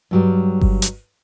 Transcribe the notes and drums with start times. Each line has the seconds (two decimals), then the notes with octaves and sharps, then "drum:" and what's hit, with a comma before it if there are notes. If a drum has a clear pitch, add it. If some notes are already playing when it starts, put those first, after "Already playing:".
0.11 G2 F#3 G3
0.61 drum: kick G1
0.82 drum: hi-hat